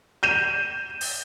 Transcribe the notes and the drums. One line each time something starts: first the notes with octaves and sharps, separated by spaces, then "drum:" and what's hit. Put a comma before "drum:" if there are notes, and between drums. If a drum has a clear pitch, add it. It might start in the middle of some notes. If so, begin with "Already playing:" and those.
G6 D#7 E7
drum: open hi-hat